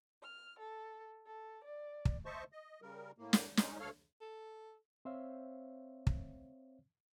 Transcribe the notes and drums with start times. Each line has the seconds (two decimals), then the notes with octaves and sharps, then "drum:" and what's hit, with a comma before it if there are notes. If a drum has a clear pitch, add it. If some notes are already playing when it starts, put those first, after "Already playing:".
0.22 F6
0.59 A4
1.26 A4
1.64 D5
2.05 drum: kick
2.25 C5 D#5 E5 A5 C#6
2.52 D#5
2.82 C#3 G3 A#4
3.18 A2 A#3
3.33 drum: snare
3.57 G#3 C#4 D#4, drum: snare
3.80 D2 A4 C#5 F5 F6
4.21 A4
5.05 C4 C5 C#5 E5 F5
6.07 drum: kick